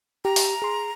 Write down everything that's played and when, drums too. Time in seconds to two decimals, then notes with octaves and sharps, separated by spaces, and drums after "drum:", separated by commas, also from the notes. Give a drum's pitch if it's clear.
0.25 G4 A#5
0.36 drum: open hi-hat
0.62 G#4 C6